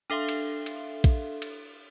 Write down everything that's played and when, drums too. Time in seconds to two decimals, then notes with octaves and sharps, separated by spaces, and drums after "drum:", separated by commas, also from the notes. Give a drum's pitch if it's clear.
0.10 D4 A4 E5 F5 C6
0.29 drum: cymbal
0.66 drum: cymbal
1.04 drum: kick A#1, cymbal
1.42 drum: cymbal